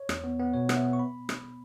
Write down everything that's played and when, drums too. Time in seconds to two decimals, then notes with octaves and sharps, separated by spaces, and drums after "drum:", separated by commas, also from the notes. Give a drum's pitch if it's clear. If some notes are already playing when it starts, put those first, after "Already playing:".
Already playing: C#5
0.09 E2, drum: rim click
0.24 B3
0.39 B3
0.53 B2 C#5
0.69 B3, drum: rim click
0.77 E5
0.83 B3
0.93 C#6
0.99 B5
1.29 drum: rim click